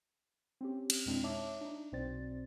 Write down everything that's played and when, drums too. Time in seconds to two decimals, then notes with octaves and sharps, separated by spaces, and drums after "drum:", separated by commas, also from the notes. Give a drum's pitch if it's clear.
0.61 C4 C#4 G4
0.90 drum: cymbal
1.06 F2 B2 G#3 C4 D4 E4
1.23 D#4 C#5 E5 A5 D6
1.61 D4 D#4
1.92 B1 B2 C4 C5 D5 A6